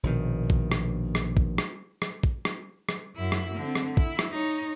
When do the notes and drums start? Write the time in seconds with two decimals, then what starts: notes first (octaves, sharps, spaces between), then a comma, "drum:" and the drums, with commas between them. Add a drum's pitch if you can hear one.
0.03 A#1 B2 D#3
0.50 drum: kick
0.72 drum: rim click
1.15 drum: rim click
1.37 drum: kick
1.58 drum: rim click
2.02 drum: rim click
2.23 drum: kick
2.45 drum: rim click
2.89 drum: rim click
3.16 F#2 E4
3.32 drum: rim click
3.55 D3 C4
3.75 drum: rim click
3.97 E4, drum: kick
4.19 drum: rim click
4.32 D#4 C#5